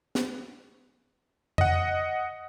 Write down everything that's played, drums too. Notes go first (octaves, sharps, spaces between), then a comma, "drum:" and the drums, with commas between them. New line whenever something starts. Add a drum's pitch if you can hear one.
drum: snare
D#5 F#5, drum: tom F2